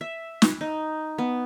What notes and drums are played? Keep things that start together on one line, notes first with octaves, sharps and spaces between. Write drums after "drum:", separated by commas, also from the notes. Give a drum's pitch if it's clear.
E5
drum: snare
D#4
B3